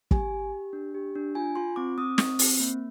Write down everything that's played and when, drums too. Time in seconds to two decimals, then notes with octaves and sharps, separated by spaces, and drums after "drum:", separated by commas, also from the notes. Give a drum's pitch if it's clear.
0.11 G4 G#5, drum: kick
0.32 G4
0.52 G4
0.73 D4
0.94 G4
1.15 D4
1.35 F4 G#5
1.55 F4 C6
1.76 C4 D6
1.98 C4 D#6
2.18 C4, drum: snare
2.39 C4, drum: open hi-hat
2.60 A#3